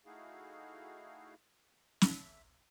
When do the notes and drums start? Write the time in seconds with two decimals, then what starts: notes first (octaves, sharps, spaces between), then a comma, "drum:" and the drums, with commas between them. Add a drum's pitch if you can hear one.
0.06 A3 D#4 E4 F#4 G#4 F5
2.01 E5, drum: snare